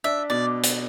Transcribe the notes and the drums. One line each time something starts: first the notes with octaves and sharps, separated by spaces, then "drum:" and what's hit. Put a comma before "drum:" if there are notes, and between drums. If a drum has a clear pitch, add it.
D4 E5
B2 D5
drum: hi-hat